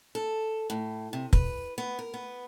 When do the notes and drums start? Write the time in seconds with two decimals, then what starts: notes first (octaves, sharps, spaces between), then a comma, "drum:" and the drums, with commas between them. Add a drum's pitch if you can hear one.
0.15 A4
0.70 A2
1.13 C3
1.33 B4, drum: kick
1.78 B3
1.99 A#4
2.14 B3